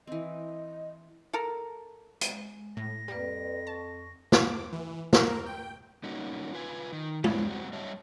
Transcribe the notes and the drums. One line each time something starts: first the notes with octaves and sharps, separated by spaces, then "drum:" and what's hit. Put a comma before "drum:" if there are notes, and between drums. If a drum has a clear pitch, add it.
E3 C4 D#5
A4 A#4
G#3, drum: hi-hat
A2 A#6
F2 G3 A#3 B4 D5
A5 C#6
D6, drum: snare
E3
A#4, drum: snare
G5
G3 A#3 C#4 D#4 F#4
F4 B4 G#5
D#3
F#2 F3 F#3 B3 C4 D4, drum: tom G#3
G3 G#3 C4 F#4
G3 C#5 D#5 E5 A5